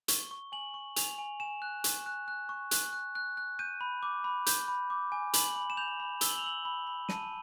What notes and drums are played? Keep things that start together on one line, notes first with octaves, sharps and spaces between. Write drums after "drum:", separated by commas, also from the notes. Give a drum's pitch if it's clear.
C#6 G7, drum: hi-hat
C#6
G#5 F#7
C#6
G#5 F7, drum: hi-hat
G#5
G#5 E7
F#6
C#6, drum: hi-hat
F#6
F#6
C#6
F#6, drum: hi-hat
F#6
F#6
F#6
G6 D#7
B5
D6
B5
G6, drum: hi-hat
B5
D6
G#5
B5 F#7, drum: hi-hat
B5
E7
G6 F7
B5
E6 G7, drum: hi-hat
F#7
F7
E6 F#7
B5
B5
A5 D#7, drum: snare